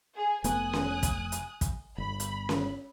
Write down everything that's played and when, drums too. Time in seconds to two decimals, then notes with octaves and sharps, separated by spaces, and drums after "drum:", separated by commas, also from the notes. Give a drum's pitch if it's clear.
0.14 G#4
0.44 F1 A3 B3 G#5 D#6 F#6, drum: hi-hat
0.73 drum: snare C#4
1.03 drum: kick, hi-hat
1.32 drum: hi-hat
1.61 drum: kick, hi-hat
1.98 G1 B5
2.20 drum: hi-hat
2.49 drum: snare C#4